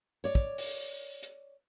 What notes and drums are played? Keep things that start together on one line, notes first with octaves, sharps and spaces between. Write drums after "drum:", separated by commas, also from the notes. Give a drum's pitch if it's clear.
C#5 D5
drum: kick
drum: open hi-hat
drum: hi-hat